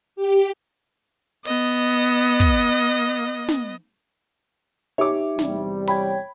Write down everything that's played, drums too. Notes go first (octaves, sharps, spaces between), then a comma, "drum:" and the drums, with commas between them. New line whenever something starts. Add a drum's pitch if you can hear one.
G4
B3 D#5, drum: hi-hat
drum: kick
drum: snare
D#4 G4 C#5 E5 D6
E2 C3 G3, drum: snare
C#5 G5 B5 G#6, drum: open hi-hat